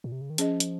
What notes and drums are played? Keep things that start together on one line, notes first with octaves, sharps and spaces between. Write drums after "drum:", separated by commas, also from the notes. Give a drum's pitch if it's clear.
A#2
C3
C#3
D#3
F3 C#4 G#4 D#5, drum: hi-hat
drum: hi-hat